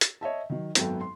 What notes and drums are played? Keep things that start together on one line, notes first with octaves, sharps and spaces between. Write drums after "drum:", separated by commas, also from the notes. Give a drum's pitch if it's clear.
drum: hi-hat
C#5 D#5 E5 A5
D#3 F#3
G#1 F#2 F#3 B3 A4 G5, drum: hi-hat
C6